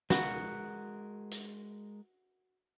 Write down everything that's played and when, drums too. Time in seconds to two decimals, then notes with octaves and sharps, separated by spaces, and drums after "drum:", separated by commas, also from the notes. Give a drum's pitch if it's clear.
0.10 C#3 G#3 B3 F#4 A#4, drum: snare
1.31 drum: hi-hat